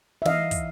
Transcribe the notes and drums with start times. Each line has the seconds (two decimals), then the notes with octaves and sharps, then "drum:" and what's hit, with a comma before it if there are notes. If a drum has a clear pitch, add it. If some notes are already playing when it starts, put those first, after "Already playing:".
0.22 E5
0.25 E3 D#5 F5, drum: snare
0.51 drum: kick, hi-hat